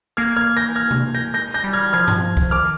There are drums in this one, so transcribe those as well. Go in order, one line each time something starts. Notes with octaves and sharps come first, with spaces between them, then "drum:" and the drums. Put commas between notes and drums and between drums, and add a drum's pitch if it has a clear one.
A#3 F6 G#6
F6 G#6
G6 A#6
F6 G#6
drum: tom C3
G6 A#6
G#3 G6 A#6
G6 A#6
G3
F6 G#6
F3 F6 G#6
drum: tom G2
drum: kick, tambourine
D#3 D6 F6